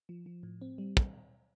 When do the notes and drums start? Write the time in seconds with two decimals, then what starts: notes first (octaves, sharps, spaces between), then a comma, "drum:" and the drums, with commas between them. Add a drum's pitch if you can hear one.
0.09 F3
0.26 F3
0.43 A2
0.61 C4
0.78 G3
0.97 drum: kick